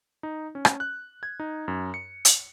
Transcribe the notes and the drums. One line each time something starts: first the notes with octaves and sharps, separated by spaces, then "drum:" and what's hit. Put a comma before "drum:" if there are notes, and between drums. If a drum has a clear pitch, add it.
D#4
C#4
drum: rim click
F#6
G#6
D#4
F#2
C#7
drum: hi-hat